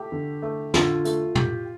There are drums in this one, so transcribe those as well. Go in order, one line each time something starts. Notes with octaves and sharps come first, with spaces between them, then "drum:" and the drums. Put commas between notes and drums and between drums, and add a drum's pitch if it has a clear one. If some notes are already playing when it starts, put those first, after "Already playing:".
Already playing: A3 G4
D3
A3
D3 F4, drum: snare
A3, drum: hi-hat
G4, drum: tom